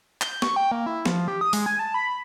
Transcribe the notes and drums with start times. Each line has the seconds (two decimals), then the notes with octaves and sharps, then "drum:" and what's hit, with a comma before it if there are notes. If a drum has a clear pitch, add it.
0.22 G6, drum: clap
0.42 C#6, drum: snare
0.56 G5
0.72 A#3
0.86 E4
1.06 F3, drum: snare
1.28 G4
1.41 D#6
1.53 G#3, drum: open hi-hat
1.66 G#5
1.79 A5
1.94 B5